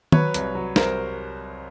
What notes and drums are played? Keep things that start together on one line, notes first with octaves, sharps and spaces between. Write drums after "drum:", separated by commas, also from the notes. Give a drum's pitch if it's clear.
F#3 B4 C#5, drum: tom D#3
C2, drum: hi-hat
F#3
C2 A#4 C5, drum: snare